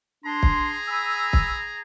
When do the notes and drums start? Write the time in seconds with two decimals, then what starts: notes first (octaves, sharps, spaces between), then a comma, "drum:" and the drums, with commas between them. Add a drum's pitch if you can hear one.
0.25 D4 G#4 A#5 C6
0.43 drum: kick
0.88 G#5 B5 E6
1.33 drum: kick